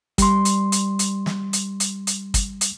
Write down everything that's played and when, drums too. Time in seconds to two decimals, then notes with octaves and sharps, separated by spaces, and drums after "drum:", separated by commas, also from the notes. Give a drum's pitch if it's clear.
0.18 G3 C6, drum: kick, hi-hat
0.45 drum: hi-hat
0.72 drum: hi-hat
0.99 drum: hi-hat
1.26 drum: snare
1.53 drum: hi-hat
1.80 drum: hi-hat
2.07 drum: hi-hat
2.34 drum: kick, hi-hat
2.61 drum: hi-hat